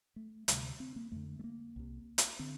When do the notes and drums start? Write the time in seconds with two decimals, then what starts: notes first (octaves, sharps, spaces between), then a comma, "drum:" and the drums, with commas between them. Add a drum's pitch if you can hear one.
0.16 A3
0.48 D2 C3 G3, drum: hi-hat
0.80 C4
0.96 A#3
1.12 F2 D3 A3
1.39 A3
1.44 A#3
1.76 C2 C3
2.18 drum: hi-hat
2.39 D3 C4